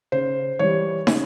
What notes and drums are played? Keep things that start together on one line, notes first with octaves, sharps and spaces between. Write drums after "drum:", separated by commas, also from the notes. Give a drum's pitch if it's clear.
C#3 C5
E3 G3 C#5
C#3, drum: snare